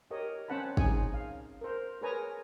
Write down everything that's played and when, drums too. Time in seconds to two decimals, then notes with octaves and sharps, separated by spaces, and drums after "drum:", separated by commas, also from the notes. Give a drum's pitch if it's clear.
0.11 G4 A#4 C#5 D#5
0.48 C4 C#4 C5 F#5 A5 B5
0.77 C#4 D#4 G#4 G#5, drum: kick
1.14 F5
1.61 A#4 C5
2.02 G#4 A#4 B4 C#5 G#5 A#5